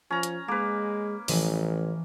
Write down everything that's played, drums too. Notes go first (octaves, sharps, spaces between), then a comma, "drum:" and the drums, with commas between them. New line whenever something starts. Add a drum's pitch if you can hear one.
F3 C#4 A#5
drum: hi-hat
G#3 A#3 B4
A1 E3 F3 D#5, drum: open hi-hat